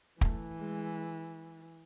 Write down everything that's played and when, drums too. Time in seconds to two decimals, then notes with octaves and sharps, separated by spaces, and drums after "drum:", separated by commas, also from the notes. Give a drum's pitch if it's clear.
0.21 E3 A3, drum: kick
0.60 G#3